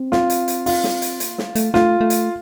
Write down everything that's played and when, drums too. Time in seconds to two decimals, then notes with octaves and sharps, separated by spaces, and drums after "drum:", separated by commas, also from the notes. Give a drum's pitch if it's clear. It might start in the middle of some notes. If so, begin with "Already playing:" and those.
Already playing: C4
0.12 F4, drum: snare
0.30 drum: hi-hat
0.48 drum: hi-hat
0.66 F4, drum: open hi-hat
0.84 drum: snare
1.02 drum: hi-hat
1.20 A#3, drum: hi-hat
1.38 A3, drum: snare
1.55 A3, drum: hi-hat
1.74 A3 F4, drum: snare
2.01 A3
2.10 drum: hi-hat